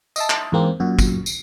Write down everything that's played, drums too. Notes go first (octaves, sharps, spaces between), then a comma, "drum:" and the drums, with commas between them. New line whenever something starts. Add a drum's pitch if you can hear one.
D#5 E5 A5, drum: tambourine
drum: clap
E2 G#2 A#3 C4
F#2 A#2 F#4
drum: kick, tambourine
drum: tambourine